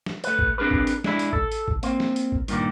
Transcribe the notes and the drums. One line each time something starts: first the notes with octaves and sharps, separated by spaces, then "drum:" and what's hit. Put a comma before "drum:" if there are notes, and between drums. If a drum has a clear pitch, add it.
drum: snare
A3 B4, drum: hi-hat
drum: kick A1
C4 D4 G#4 A#4 B4
drum: kick A1
drum: hi-hat
G#3 D4 E4, drum: snare
drum: hi-hat
A4, drum: kick A1
drum: hi-hat
drum: kick A1
A#3 C4, drum: hi-hat
drum: snare
drum: hi-hat
drum: kick A1
G2 A#2 D#3 A#3, drum: hi-hat